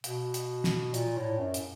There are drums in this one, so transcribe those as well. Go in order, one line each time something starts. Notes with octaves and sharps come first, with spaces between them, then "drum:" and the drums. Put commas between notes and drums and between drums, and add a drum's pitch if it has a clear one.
B2, drum: hi-hat
drum: hi-hat
drum: snare
A#2, drum: hi-hat
A2
F#2
drum: hi-hat